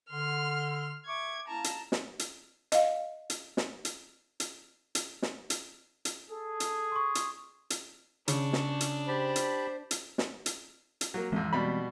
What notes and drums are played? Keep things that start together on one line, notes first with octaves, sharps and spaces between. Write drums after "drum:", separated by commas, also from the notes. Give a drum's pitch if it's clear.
D3 C6 F6
E5 C#6 D6 G#6
A#3 C#4 E4 A5 A#5
drum: hi-hat
drum: snare
drum: hi-hat
D#5 F5, drum: hi-hat
drum: hi-hat
drum: snare
drum: hi-hat
drum: hi-hat
drum: hi-hat
drum: snare
drum: hi-hat
drum: hi-hat
G#4 A4
drum: hi-hat
C6 C#6
drum: hi-hat
drum: hi-hat
C#3 D4 C#6, drum: hi-hat
drum: snare
drum: hi-hat
G4 C5 A5 B5
drum: hi-hat
drum: hi-hat
drum: snare
drum: hi-hat
drum: hi-hat
F#3 A#3
A1 F2 E3 G#3 C4
B2 G3 B5